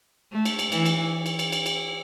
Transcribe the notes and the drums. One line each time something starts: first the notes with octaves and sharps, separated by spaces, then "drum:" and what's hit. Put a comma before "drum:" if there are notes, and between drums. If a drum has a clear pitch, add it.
A3
drum: cymbal
drum: cymbal
E3, drum: cymbal
drum: cymbal
drum: cymbal
drum: cymbal
drum: cymbal
drum: cymbal